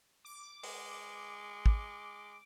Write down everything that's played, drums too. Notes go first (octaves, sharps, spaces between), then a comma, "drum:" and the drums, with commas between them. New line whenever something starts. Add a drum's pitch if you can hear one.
D6
G#3, drum: open hi-hat
drum: kick